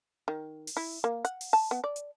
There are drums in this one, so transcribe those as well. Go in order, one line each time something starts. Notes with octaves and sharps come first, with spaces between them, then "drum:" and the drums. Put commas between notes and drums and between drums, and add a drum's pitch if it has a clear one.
D#3
drum: open hi-hat
E4
A#3
F#5, drum: hi-hat
drum: open hi-hat
A5
B3
D5
drum: hi-hat